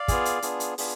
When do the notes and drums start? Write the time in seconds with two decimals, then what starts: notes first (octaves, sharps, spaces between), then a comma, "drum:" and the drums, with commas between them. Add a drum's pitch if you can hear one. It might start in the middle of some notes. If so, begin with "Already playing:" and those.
Already playing: D5 F5
0.08 B3 F4 G#4, drum: kick, hi-hat
0.25 drum: hi-hat
0.42 B3 D4 F4 G#4, drum: hi-hat
0.60 drum: hi-hat
0.78 B3 D4 F4 G#4, drum: open hi-hat